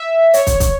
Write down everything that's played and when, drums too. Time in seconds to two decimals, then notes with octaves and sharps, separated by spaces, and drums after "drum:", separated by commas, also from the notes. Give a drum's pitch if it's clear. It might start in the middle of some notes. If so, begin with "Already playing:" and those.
Already playing: E5
0.34 C#5, drum: hi-hat
0.47 drum: kick, hi-hat
0.60 drum: kick, hi-hat